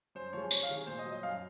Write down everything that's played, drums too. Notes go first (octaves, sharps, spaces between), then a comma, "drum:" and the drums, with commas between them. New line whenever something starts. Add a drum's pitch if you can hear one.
F#2 C5
F3 G#3 C#5
C3 C#5, drum: tambourine
F5
D#3 G#3
A#2 C5
D#5
F#3
D#5
F#2 F5